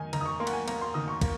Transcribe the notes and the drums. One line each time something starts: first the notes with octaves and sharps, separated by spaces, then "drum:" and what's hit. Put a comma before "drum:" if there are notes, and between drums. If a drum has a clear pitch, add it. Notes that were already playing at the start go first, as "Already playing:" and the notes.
Already playing: D#3 D#4 G#5
D#3 A#5, drum: cymbal
D#6
C#6
A#3 C6
F#5, drum: cymbal
G#5
A#3 A#5, drum: cymbal
C6
D#3 D#6
C#6
A#3, drum: kick, cymbal